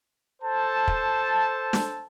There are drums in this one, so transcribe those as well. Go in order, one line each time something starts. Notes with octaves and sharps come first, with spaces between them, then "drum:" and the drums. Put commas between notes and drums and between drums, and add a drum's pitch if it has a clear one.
A4 C5 A5
drum: kick
drum: snare